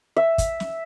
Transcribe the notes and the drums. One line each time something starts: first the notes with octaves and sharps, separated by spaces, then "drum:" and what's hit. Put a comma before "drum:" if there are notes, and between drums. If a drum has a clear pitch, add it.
E5
drum: kick, hi-hat
drum: snare